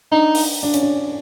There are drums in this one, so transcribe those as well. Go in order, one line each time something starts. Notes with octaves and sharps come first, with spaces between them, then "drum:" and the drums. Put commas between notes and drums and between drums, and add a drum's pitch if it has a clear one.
D4 D#4
drum: open hi-hat
D4
C#4, drum: hi-hat
D4